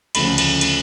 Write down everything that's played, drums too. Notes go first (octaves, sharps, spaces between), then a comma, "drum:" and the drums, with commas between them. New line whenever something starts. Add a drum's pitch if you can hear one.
D2 C#3 F3 B5, drum: cymbal
drum: cymbal
drum: cymbal